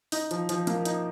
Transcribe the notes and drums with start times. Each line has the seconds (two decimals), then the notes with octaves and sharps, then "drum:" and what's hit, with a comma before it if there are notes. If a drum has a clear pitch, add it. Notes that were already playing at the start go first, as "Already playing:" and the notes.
0.12 D#4, drum: open hi-hat
0.31 F3, drum: hi-hat
0.49 F3, drum: hi-hat
0.67 A#3, drum: hi-hat
0.85 D#4, drum: hi-hat